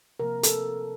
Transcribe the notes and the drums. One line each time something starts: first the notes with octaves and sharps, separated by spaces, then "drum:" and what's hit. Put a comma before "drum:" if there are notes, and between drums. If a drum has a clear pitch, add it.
C3 F3 A#3 A#4
A4, drum: hi-hat